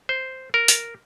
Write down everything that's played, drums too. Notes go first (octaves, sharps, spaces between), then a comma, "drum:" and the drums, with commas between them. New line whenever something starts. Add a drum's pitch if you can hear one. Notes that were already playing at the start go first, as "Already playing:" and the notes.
C5
A#4
drum: hi-hat